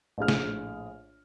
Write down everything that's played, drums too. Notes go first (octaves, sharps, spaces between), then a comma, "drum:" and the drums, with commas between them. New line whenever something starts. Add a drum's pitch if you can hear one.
A#1 A2 G#4 F6
drum: snare